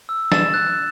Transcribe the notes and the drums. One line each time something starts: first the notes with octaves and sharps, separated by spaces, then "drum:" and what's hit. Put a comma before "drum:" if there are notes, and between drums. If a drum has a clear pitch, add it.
E6
A6 E7, drum: snare
F#6